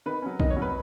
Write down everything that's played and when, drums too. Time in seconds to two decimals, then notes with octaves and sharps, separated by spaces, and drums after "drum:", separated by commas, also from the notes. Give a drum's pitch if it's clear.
0.06 D#3 B4
0.22 F#3 C#4
0.40 D#3 D#5, drum: kick
0.50 C#5
0.57 F#3 C#4
0.62 B4